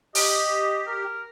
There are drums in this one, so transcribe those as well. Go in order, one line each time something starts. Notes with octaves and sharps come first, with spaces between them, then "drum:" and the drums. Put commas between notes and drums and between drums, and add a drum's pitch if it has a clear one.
G4 D#5, drum: open hi-hat
A#4